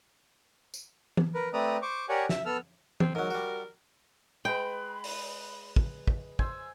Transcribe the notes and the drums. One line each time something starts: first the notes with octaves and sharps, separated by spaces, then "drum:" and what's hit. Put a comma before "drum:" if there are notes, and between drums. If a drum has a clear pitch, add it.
drum: tambourine
drum: tom E3
A#4 B4
A3 C4 B4 D5 A#5 D#6
C5 C#6 D6
G4 A#4 C#5 D5 F#5 G#5
E5, drum: snare
B3 A4 E6 F6
C4, drum: tom E3
G#2 F#3 A#4
G3 F#4
G#3 B4 G5 B5
drum: open hi-hat
drum: kick
drum: kick
C5 G#5 E6, drum: kick